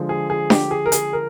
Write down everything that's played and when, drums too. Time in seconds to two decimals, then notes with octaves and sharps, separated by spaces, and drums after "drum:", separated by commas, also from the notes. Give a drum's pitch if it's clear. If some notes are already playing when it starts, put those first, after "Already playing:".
Already playing: D3 F3 G#3
0.09 G#4
0.30 G#4
0.50 G4, drum: snare D4
0.71 G#4
0.86 A#4
0.92 G#4, drum: hi-hat
1.13 A#4